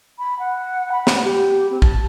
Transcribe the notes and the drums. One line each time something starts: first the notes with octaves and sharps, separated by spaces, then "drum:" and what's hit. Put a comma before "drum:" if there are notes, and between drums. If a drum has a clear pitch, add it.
B5
F#5
B5
drum: snare
G4
C4
A5, drum: kick